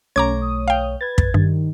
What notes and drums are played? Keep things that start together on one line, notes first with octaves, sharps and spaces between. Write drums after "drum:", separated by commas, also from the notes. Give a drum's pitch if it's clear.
B1 A3 C#4 C#5 A#5 D6 G#6
D#6
F5 G5
B4 G#6 A6
drum: kick
G2 D#3